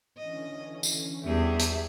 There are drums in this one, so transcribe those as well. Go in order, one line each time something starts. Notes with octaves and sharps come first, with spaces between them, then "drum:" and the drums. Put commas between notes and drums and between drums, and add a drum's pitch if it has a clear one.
D3 E3 C#4 D#5
drum: tambourine
E2 G3 G4 G#4 E5
drum: hi-hat